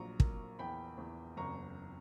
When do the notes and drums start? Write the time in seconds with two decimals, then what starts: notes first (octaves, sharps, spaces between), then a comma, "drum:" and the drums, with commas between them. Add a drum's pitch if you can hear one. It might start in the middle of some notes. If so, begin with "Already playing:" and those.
Already playing: A#1 F#3 A#5 C#6
0.20 A#3, drum: kick
0.59 E2 G5 B5
0.98 E2
1.37 F#1 A#5 C#6